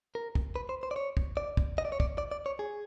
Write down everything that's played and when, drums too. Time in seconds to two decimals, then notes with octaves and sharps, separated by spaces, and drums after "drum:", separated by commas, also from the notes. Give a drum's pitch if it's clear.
0.15 A#4
0.35 drum: kick
0.56 B4
0.69 C5
0.83 C5
0.91 D5
0.96 C#5
1.17 drum: kick
1.37 D5
1.57 drum: kick
1.78 D#5
1.85 D5
1.92 C#5
2.00 D5, drum: kick
2.18 D5
2.31 D5
2.46 C#5
2.59 G#4